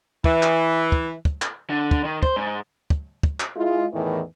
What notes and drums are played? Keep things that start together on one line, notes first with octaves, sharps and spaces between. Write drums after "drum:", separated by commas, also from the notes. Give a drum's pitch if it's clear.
E3, drum: kick
drum: clap
drum: kick
drum: kick
drum: clap
D3
drum: kick
D#3
C5, drum: kick
G#2
drum: kick
drum: kick
drum: clap
G#3 E4 F4
E2 A2 D#3 E3